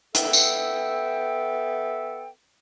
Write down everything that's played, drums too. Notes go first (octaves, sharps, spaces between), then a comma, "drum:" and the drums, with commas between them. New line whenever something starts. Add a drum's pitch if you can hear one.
B3 A4 E5 G5, drum: hi-hat
drum: tambourine